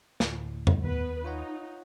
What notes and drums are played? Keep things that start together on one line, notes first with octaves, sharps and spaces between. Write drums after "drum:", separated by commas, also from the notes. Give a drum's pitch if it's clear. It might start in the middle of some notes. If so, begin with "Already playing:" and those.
D2 A2, drum: snare
drum: tom F2
D#2 B3 B4
D#4 F4 C#5 F#5